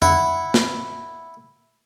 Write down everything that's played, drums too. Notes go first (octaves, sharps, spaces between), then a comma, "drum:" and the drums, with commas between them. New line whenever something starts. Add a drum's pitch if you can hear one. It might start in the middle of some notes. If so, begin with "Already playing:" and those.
E4 F#5, drum: tom F2
drum: snare